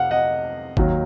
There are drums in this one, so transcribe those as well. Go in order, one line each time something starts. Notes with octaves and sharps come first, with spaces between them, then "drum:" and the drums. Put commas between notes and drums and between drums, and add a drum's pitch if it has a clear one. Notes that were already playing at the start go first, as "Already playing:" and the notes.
Already playing: F2 C3 F5 F#5
D#5 F#5
D#2 D#3 F#3, drum: kick